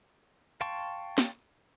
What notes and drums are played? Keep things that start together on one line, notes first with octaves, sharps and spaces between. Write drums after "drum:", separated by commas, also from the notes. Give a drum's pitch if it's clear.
F5 G5 A5 C6 C#6, drum: hi-hat
drum: snare